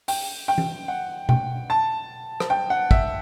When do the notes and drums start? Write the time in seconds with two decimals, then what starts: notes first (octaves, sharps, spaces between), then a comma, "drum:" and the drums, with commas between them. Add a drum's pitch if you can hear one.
0.08 G5, drum: open hi-hat
0.48 G5
0.58 drum: tom E3
0.88 F#5
1.29 G5, drum: tom B2
1.70 A5
2.40 drum: rim click
2.50 G5
2.70 F#5
2.91 E5, drum: kick